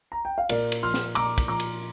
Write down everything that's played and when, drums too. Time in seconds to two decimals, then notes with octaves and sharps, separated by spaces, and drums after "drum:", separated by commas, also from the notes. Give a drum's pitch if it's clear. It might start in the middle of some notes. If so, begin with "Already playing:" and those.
0.12 A#5
0.25 G5
0.38 F5
0.49 A#2 A#4 D5, drum: cymbal
0.72 drum: cymbal
0.83 F3 C6 F6
0.94 drum: snare
1.15 A#2 A#5 D6, drum: cymbal
1.38 drum: kick, cymbal
1.48 F3 A#5 D6
1.60 drum: cymbal